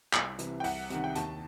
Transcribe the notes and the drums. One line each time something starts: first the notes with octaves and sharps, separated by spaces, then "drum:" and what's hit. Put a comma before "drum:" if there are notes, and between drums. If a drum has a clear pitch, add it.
C2, drum: clap
C3 E3, drum: hi-hat
G5
C2 F#5, drum: open hi-hat
C3 D#3, drum: hi-hat
G5
D#2 A5, drum: hi-hat